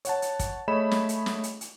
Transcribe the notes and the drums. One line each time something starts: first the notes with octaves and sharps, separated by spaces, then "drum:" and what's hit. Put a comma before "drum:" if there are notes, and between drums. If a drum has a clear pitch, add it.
C#5 F#5 A5, drum: hi-hat
drum: hi-hat
drum: kick, hi-hat
A3 G#4 C#5 D#5 B5 E7
drum: snare
drum: hi-hat
drum: snare
drum: hi-hat
drum: hi-hat